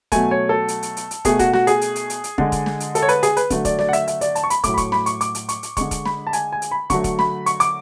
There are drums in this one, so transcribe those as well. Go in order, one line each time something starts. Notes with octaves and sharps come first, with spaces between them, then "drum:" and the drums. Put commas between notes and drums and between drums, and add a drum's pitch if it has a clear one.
B2 F#3 A3 G#5, drum: kick, hi-hat
C#5
A4
drum: hi-hat
drum: hi-hat
drum: hi-hat
drum: hi-hat
B2 A3 G#4, drum: kick, hi-hat
F#4, drum: kick, hi-hat
F#4, drum: snare
G#4, drum: hi-hat
drum: hi-hat
drum: hi-hat
drum: hi-hat
drum: hi-hat
D3 G#3, drum: kick
drum: kick, hi-hat
drum: snare
drum: hi-hat
A4, drum: hi-hat
C#5
B4, drum: hi-hat
G#4, drum: hi-hat
B4, drum: hi-hat
D3 F#3 A3, drum: kick, hi-hat
D5, drum: kick, hi-hat
D5, drum: snare
F#5
E5, drum: hi-hat
E5, drum: hi-hat
D5, drum: hi-hat
A5, drum: hi-hat
C#6
B5, drum: hi-hat
A2 F#3 A3 D6, drum: kick, hi-hat
B5
C#6, drum: kick, hi-hat
B5, drum: snare
C#6, drum: hi-hat
D6, drum: hi-hat
drum: hi-hat
C#6, drum: hi-hat
drum: hi-hat
D3 G#3 C#6, drum: kick, hi-hat
drum: kick, hi-hat
B5, drum: snare
A5
G#5, drum: hi-hat
G#5
drum: hi-hat
B5
D3 F#3 A3 C#6, drum: kick, hi-hat
drum: kick, hi-hat
B5, drum: snare
C#6, drum: hi-hat
D6, drum: hi-hat